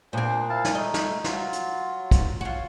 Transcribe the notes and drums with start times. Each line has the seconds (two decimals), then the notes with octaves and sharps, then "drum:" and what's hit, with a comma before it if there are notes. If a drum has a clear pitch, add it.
0.13 A#2 B3 C4 D4 C5
0.49 E4 F5 A5
0.65 drum: snare
0.75 A3 D#4 D#5
0.94 drum: snare
1.24 F#3 F4, drum: snare
1.53 drum: hi-hat
2.11 drum: kick, hi-hat
2.41 F4 F#4 C#5